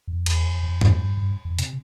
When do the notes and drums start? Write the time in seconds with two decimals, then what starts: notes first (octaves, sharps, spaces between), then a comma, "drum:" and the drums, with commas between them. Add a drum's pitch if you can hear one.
0.08 F2
0.26 E2, drum: cymbal
0.44 F2
0.63 F2
0.81 E2, drum: tom G2
0.91 F2
0.99 G2
1.17 G2
1.45 F2
1.59 C3, drum: hi-hat